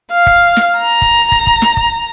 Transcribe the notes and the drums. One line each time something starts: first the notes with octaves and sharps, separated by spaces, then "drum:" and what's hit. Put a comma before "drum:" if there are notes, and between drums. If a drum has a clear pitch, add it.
F5
drum: kick
drum: snare
A#5
drum: kick
drum: kick
drum: kick
drum: snare
drum: kick